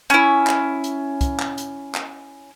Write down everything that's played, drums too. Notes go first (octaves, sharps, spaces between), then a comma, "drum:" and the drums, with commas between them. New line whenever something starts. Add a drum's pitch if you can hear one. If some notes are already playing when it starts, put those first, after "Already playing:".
C#4 E4, drum: hi-hat
drum: clap
drum: hi-hat
drum: kick, hi-hat
drum: clap
drum: hi-hat
drum: clap